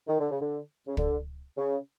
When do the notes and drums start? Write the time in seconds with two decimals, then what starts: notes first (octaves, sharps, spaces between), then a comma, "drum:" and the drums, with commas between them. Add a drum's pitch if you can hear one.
0.07 D#3
0.19 D3
0.30 C#3
0.41 D3
0.87 C#3
0.97 D3, drum: kick
1.57 C#3